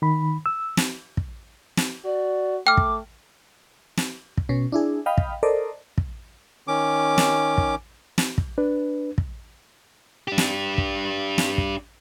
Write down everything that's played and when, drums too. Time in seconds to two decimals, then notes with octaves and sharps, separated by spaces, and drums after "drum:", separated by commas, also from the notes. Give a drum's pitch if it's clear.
0.02 D#3 B5
0.46 E6
0.77 drum: snare
1.17 drum: kick
1.77 drum: snare
2.05 F#4 D5
2.67 A3 G5 D6 F6
2.77 drum: kick
3.97 drum: snare
4.37 drum: kick
4.49 B2 C#4
4.72 D4 E4 G#4
5.06 D#5 F5 G5 B5
5.18 drum: kick
5.43 A4 A#4 C5 D5 D#5
5.98 drum: kick
6.68 D#3 C#4 D6
7.18 drum: snare
7.58 drum: kick
8.18 drum: snare
8.38 drum: kick
8.58 D4 B4
9.18 drum: kick
10.28 D4 G4
10.38 drum: snare
10.78 drum: kick
11.38 drum: snare
11.58 drum: kick